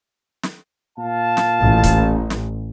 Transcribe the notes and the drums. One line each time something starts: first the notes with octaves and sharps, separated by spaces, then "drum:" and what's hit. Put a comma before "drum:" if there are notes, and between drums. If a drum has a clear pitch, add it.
drum: snare
A#2 F5 A5
drum: snare
A1
drum: kick C#1, hi-hat
drum: snare